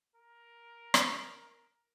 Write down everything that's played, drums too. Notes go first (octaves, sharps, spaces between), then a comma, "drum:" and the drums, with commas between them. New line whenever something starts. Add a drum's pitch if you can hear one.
A#4
drum: rim click